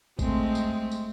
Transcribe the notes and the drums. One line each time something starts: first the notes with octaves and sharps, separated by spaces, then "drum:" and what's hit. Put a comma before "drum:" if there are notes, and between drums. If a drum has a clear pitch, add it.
G#3 A3 C4, drum: kick, tambourine
drum: tambourine
drum: tambourine